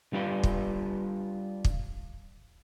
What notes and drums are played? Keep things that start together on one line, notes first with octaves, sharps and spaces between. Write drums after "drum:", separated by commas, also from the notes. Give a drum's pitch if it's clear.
G3 D4 F4 B4 G5
drum: kick
drum: kick